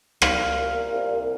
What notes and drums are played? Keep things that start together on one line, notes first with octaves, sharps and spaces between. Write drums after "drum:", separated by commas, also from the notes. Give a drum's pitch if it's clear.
C2 F5, drum: rim click
A#2
C2